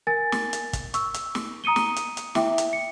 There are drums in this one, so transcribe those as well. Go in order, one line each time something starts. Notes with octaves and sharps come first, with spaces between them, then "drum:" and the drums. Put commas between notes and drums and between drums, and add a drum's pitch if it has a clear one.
A#4 G#5 A6
drum: snare
drum: hi-hat
drum: kick, hi-hat
C#6 E6, drum: hi-hat
drum: hi-hat
drum: snare
A#5 D#6 C#7 D#7 G7
drum: snare
drum: hi-hat
drum: hi-hat
E4 E5 G5 D6, drum: snare
drum: hi-hat
C#7